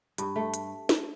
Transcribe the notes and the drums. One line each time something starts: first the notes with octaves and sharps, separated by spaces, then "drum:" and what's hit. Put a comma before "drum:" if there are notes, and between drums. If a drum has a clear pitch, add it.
G2, drum: hi-hat
A3
drum: hi-hat
drum: snare